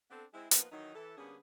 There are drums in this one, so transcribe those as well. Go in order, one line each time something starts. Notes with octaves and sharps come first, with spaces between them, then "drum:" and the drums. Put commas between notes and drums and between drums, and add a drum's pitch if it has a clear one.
B3 C4 D4 A4
G#3 C4 E4
F3 A#3 B3 D#4 F4 B4, drum: hi-hat
D#3 E3 F#3 D#4
E3 A4
D3 G3 A#3 B3 C#4 G#4